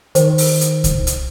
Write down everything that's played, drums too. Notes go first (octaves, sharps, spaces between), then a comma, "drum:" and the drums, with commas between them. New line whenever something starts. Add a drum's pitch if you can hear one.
D#3 C5, drum: hi-hat
drum: open hi-hat
drum: hi-hat
drum: kick C2, hi-hat
drum: hi-hat